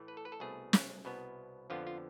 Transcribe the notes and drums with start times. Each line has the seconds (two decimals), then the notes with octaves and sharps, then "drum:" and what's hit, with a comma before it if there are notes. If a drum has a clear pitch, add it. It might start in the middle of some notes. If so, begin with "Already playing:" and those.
Already playing: A2 E3 A3
0.08 B4
0.17 A4
0.25 B4
0.32 A4
0.40 C2 B2 A3 G#4
0.73 drum: snare
1.05 C2 B2 B3
1.70 F2 D3 F3 B3 F4
1.87 F4